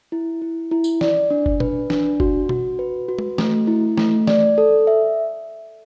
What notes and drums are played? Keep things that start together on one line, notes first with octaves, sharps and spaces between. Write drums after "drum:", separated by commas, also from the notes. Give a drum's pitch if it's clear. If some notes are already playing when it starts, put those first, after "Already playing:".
E4
E4
E4
drum: tambourine
D5, drum: snare
D4
drum: kick
B4, drum: tom A#2
D4, drum: snare
F#4, drum: kick
F#4, drum: tom B2
B4
F#4
drum: tom
A3, drum: snare
E4
A3, drum: snare
D5, drum: snare
A4
E5